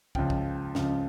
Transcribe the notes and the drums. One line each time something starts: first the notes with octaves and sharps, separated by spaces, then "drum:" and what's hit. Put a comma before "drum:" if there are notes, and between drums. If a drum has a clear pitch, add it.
C#2 C#3 F3 G5, drum: kick
drum: kick
C#2 C#3 F3, drum: snare